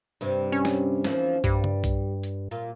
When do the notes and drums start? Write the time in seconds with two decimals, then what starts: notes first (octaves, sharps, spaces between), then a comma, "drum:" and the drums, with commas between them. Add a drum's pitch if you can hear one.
0.21 G2 C3
0.52 C#4
0.65 drum: snare
1.04 D#2 E3 F3, drum: snare
1.44 G2 G3, drum: kick B1, hi-hat
1.64 drum: tom
1.84 drum: kick B1, hi-hat
2.23 drum: hi-hat
2.51 A#2 F4